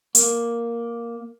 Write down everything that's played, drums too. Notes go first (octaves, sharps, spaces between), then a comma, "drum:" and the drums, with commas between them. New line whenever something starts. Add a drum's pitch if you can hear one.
A#3, drum: hi-hat